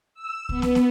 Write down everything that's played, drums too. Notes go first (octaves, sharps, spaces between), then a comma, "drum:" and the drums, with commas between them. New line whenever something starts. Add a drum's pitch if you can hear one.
E6
B3, drum: kick C2
drum: snare
drum: snare